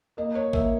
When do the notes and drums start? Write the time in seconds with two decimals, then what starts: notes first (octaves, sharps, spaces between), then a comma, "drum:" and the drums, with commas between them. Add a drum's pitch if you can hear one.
0.17 A#3 D#5
0.35 C#5
0.53 A#3 E5, drum: kick